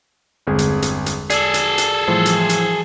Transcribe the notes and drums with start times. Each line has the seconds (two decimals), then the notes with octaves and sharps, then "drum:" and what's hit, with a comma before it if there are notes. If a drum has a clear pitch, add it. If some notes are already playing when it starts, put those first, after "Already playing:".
0.47 G1 E2 D3 G#3 C4 G#4
0.59 drum: hi-hat
0.82 drum: hi-hat
1.06 drum: hi-hat
1.30 G#4 A4 D5 A6, drum: hi-hat
1.54 drum: hi-hat
1.78 drum: hi-hat
2.08 A2 E3 F3 G3 C5
2.26 drum: hi-hat
2.49 drum: hi-hat